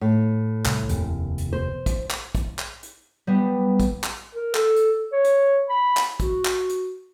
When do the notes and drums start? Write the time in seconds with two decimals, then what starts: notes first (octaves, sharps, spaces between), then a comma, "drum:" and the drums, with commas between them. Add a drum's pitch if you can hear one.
0.01 A2
0.66 C2, drum: clap
0.89 F1 D#2 C3, drum: hi-hat
1.38 drum: hi-hat
1.53 C5
1.86 drum: kick, hi-hat
2.10 drum: clap
2.35 drum: kick, hi-hat
2.59 drum: clap
2.83 drum: hi-hat
3.27 G3 B3
3.80 drum: kick, hi-hat
4.04 drum: clap
4.34 A#4
4.55 A4, drum: clap
4.76 drum: hi-hat
5.13 C#5
5.25 drum: hi-hat
5.69 B5
5.97 drum: clap
6.20 F#4, drum: kick, hi-hat
6.45 drum: clap
6.69 drum: hi-hat